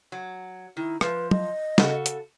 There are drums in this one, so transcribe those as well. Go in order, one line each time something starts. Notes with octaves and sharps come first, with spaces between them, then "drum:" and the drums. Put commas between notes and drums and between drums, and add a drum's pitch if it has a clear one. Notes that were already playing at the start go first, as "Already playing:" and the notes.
F#3
D#3 E4
F3 B4, drum: rim click
D#5, drum: tom
C#3 F#4 A4, drum: snare
drum: hi-hat